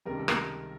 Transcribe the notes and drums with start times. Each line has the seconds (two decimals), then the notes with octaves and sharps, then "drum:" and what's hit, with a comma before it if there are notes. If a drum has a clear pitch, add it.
0.05 C#2 C3 D#3 G3 A#4
0.17 A4
0.28 A#4, drum: rim click